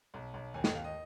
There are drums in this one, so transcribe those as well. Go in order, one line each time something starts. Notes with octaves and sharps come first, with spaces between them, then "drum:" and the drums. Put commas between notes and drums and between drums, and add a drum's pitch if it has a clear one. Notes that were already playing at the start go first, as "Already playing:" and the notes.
B1
B1
D#2 G#5
D#5, drum: snare
D#2 F5
D#5